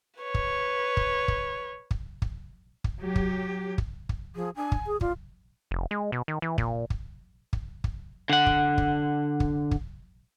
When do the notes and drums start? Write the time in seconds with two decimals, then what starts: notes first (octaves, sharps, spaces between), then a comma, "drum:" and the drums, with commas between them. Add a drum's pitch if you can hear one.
0.20 B4 C#5
0.34 drum: kick
0.97 drum: kick
1.28 drum: kick
1.91 drum: kick
2.22 drum: kick
2.84 drum: kick
3.00 F#3 G4
3.16 drum: kick
3.78 drum: kick
4.09 drum: kick
4.35 F3 G#4
4.56 D4 G#5
4.72 drum: kick
4.87 G#4
5.01 F4 D5, drum: kick
5.71 F1
5.91 G#3
6.12 B2
6.28 D#3
6.42 E3
6.58 A#2, drum: kick
6.90 drum: kick
7.53 drum: kick
7.84 drum: kick
8.30 D3 F#5
8.46 drum: kick
8.78 drum: kick
9.40 drum: kick
9.71 drum: kick